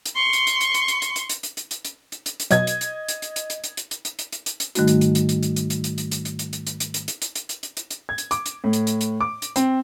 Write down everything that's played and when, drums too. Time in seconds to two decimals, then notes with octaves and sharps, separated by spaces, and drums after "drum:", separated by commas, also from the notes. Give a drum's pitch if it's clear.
0.06 drum: hi-hat
0.15 C6 C#6
0.33 drum: hi-hat
0.47 drum: hi-hat
0.61 drum: hi-hat
0.74 drum: hi-hat
0.88 drum: hi-hat
1.02 drum: hi-hat
1.16 drum: hi-hat
1.29 drum: hi-hat
1.43 drum: hi-hat
1.57 drum: hi-hat
1.71 drum: hi-hat
1.85 drum: hi-hat
2.12 drum: hi-hat
2.26 drum: hi-hat
2.40 drum: hi-hat
2.51 B2 F#3 D#5 G#6, drum: hi-hat
2.67 drum: hi-hat
2.81 drum: hi-hat
3.09 drum: hi-hat
3.22 drum: hi-hat
3.36 drum: hi-hat
3.50 drum: hi-hat
3.64 drum: hi-hat
3.77 drum: hi-hat
3.91 drum: hi-hat
4.05 drum: hi-hat
4.19 drum: hi-hat
4.32 drum: hi-hat
4.46 drum: hi-hat
4.60 drum: hi-hat
4.75 G#2 D#3 G3 A3 D#4 F#4, drum: hi-hat
4.88 drum: hi-hat
5.01 drum: hi-hat
5.15 drum: hi-hat
5.29 drum: hi-hat
5.43 drum: hi-hat
5.56 drum: hi-hat
5.70 drum: hi-hat
5.84 drum: hi-hat
5.98 drum: hi-hat
6.11 drum: hi-hat
6.25 drum: hi-hat
6.39 drum: hi-hat
6.53 drum: hi-hat
6.67 drum: hi-hat
6.80 drum: hi-hat
6.94 drum: hi-hat
7.08 drum: hi-hat
7.22 drum: hi-hat
7.35 drum: hi-hat
7.49 drum: hi-hat
7.63 drum: hi-hat
7.77 drum: hi-hat
7.91 drum: hi-hat
8.09 G#6
8.18 drum: hi-hat
8.31 D6, drum: hi-hat
8.46 drum: hi-hat
8.64 A2
8.73 drum: hi-hat
8.87 drum: hi-hat
9.01 drum: hi-hat
9.21 D6
9.42 drum: hi-hat
9.56 C4, drum: hi-hat